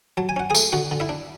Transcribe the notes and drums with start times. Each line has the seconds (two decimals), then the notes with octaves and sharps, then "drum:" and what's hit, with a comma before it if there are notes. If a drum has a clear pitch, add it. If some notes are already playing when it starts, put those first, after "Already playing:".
0.17 F#3 A5
0.29 G#5
0.36 C#4 F#5
0.50 G#4 G#5
0.55 A3, drum: tambourine
0.72 D3 F#4 F#5
0.91 D3
1.00 E4 E5
1.09 D4